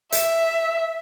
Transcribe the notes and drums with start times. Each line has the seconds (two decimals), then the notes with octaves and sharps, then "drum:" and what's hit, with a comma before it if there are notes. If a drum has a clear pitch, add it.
0.12 E5, drum: hi-hat